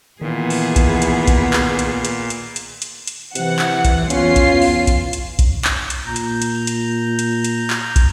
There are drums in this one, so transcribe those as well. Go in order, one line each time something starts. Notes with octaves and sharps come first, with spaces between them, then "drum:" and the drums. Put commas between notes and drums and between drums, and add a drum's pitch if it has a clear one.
A#2 D#3 E3 B3 G#4
drum: open hi-hat
drum: kick, hi-hat
drum: hi-hat
drum: kick, hi-hat
drum: clap
drum: hi-hat
drum: hi-hat
drum: hi-hat
drum: hi-hat
drum: hi-hat
drum: hi-hat
C3 E3 F#5, drum: hi-hat
drum: clap
drum: kick, hi-hat
E2 C#4 F4 C7, drum: hi-hat
drum: kick, hi-hat
drum: open hi-hat
drum: kick, hi-hat
drum: hi-hat
drum: kick, hi-hat
drum: clap
drum: hi-hat
A#2 A#5 G6
drum: hi-hat
drum: hi-hat
drum: hi-hat
drum: hi-hat
drum: hi-hat
drum: clap
drum: kick, hi-hat